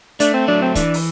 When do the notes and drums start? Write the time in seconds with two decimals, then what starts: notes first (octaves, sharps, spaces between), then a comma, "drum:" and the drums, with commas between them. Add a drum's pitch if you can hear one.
0.20 A3 D4, drum: hi-hat
0.33 C4
0.48 F#3 D4
0.62 C4
0.75 E3 D4, drum: kick, hi-hat
0.94 drum: open hi-hat